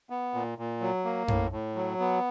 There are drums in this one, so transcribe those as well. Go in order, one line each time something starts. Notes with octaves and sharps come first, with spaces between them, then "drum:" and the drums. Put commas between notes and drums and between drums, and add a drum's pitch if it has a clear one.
B3
A#2
A#2
F#3
A#3
A2, drum: tom F#2
A2
F#3
B3